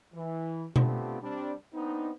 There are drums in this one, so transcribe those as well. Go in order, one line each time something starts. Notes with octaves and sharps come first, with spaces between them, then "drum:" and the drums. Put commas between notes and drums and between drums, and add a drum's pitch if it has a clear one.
E3
A3 B3 C4 D4 F4 G4, drum: tom B2
G3 C4 D4
B3 C4 D4 D#4